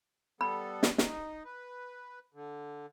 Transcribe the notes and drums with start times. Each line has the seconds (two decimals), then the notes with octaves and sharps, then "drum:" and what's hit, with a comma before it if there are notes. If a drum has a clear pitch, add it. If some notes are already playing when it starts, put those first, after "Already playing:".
0.41 G3 B3 A4 B5
0.83 drum: snare
0.98 D#4, drum: snare
1.45 B4
2.34 D3